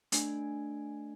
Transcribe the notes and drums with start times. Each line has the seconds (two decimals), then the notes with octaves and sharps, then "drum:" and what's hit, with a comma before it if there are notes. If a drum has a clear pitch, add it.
0.12 A3 D4 G#5, drum: hi-hat